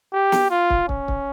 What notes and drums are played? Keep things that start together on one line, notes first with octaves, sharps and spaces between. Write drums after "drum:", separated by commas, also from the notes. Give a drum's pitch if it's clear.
G4
drum: snare
F4
drum: kick
C#4, drum: kick
drum: kick